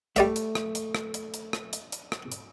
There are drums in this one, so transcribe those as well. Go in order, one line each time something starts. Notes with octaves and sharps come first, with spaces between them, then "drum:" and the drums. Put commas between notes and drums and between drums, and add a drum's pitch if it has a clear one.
G3 A3 D5 E5, drum: hi-hat
drum: hi-hat
drum: rim click
drum: hi-hat
drum: rim click
drum: hi-hat
drum: hi-hat
drum: rim click
drum: hi-hat
drum: hi-hat
drum: rim click
drum: hi-hat